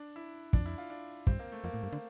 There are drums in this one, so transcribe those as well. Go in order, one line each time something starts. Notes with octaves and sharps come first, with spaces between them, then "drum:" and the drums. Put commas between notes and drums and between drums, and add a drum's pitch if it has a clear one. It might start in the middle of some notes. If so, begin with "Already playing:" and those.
Already playing: D4
E4
F2 D4, drum: kick
E4
F4
D4
G2 C4, drum: kick
A#3
A3
F2 A#3
A2
G2
D3